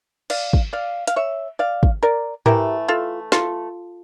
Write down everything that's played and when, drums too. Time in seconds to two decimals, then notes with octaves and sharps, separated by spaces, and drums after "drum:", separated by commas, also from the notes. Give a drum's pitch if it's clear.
0.30 D5 F5, drum: cymbal
0.53 drum: kick
0.73 D5 F5
1.07 F5, drum: hi-hat
1.16 C#5 E5
1.59 D5 F5
1.83 drum: kick
2.03 A#4 D5
2.46 E3 A3 E4 G4 A#4, drum: tom G#2
2.88 F4 A4
3.32 F4 A4, drum: snare